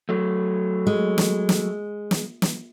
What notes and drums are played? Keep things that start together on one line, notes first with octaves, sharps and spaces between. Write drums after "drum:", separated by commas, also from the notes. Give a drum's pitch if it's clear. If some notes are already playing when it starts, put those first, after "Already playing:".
F#3 A3
G#3
drum: snare
drum: snare
drum: snare
drum: snare